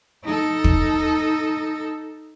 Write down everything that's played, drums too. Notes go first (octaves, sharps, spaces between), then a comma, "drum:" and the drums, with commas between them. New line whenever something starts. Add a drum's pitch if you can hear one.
D#4 A4
drum: kick